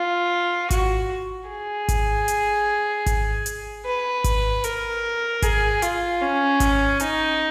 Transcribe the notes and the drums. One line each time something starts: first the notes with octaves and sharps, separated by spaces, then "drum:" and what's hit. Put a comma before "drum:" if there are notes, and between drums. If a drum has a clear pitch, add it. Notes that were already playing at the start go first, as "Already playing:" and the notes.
Already playing: F4
F#4, drum: kick G#1, hi-hat
G#4
drum: kick G#1, hi-hat
drum: hi-hat
drum: kick G#1, hi-hat
drum: hi-hat
B4
drum: kick G#1, hi-hat
A#4, drum: hi-hat
G#4, drum: kick G#1, hi-hat
F4, drum: hi-hat
C#4
drum: kick G#1, hi-hat
D#4, drum: hi-hat